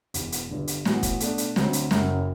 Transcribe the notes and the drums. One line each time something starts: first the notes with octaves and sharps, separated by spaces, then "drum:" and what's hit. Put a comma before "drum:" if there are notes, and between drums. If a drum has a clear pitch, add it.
E1 E2 B2, drum: hi-hat
drum: hi-hat
G1 G2 D3
drum: hi-hat
A2 E3 B3 F#4, drum: snare
drum: kick, hi-hat
B2 A3 D4, drum: hi-hat
drum: hi-hat
D2 D3 F#3 C4, drum: snare
drum: hi-hat
F#1 F#2 F#3, drum: snare